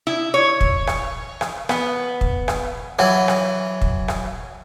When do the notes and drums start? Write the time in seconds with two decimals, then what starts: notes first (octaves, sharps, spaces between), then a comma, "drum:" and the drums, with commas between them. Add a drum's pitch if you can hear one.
0.07 E4
0.34 C#5
0.61 drum: kick
0.87 drum: rim click
1.41 drum: rim click
1.69 B3, drum: rim click
2.21 drum: kick
2.48 drum: rim click
2.99 E3 F#3, drum: rim click
3.28 drum: rim click
3.82 drum: kick
4.08 drum: rim click